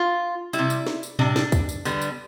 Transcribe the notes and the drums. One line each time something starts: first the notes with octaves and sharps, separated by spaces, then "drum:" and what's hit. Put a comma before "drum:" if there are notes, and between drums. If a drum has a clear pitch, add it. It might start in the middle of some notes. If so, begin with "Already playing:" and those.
Already playing: F4
G3 E4, drum: tambourine
C3
drum: tambourine
drum: snare
drum: tambourine
C3 G3 D4, drum: tom A2
drum: snare
drum: kick, tambourine
drum: tambourine
D3 G3 B3, drum: tambourine
drum: tambourine